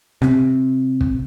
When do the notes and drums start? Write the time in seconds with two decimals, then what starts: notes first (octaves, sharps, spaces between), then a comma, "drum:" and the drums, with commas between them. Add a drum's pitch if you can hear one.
0.22 C3, drum: rim click
1.01 drum: kick